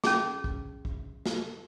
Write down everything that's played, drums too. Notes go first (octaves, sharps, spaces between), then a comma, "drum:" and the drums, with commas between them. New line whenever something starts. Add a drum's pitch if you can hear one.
C#4 G#4, drum: snare
drum: kick
drum: kick
drum: snare